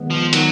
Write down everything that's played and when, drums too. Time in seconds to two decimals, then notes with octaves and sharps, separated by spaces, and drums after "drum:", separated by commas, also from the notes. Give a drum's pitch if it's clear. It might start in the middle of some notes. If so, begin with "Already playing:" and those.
Already playing: D#3 G#3 B3
0.10 F3
0.33 D#3 F#3, drum: hi-hat